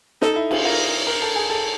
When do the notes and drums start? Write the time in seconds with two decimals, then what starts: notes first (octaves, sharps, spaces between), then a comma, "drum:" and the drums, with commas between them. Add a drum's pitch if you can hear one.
0.22 D#4 A4, drum: snare
0.36 E4
0.51 F4, drum: cymbal
0.64 F4 A#4
1.07 A#4
1.22 A4
1.36 G#4
1.50 A4